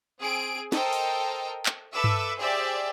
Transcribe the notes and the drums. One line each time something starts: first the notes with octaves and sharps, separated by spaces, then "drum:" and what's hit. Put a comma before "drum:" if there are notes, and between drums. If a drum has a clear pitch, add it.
C4 G#4 D7
A4 A#4 C5 D#5 G5, drum: snare
drum: open hi-hat
drum: clap
A4 B4 E5 D6 E6
drum: tom G2
G4 G#4 C5 D5 E5 G5